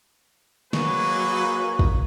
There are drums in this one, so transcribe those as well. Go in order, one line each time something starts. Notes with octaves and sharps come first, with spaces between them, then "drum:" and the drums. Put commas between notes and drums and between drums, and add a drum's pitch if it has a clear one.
F#3 A#3 D#4 F#4 G#4 B4 C#6, drum: snare
drum: kick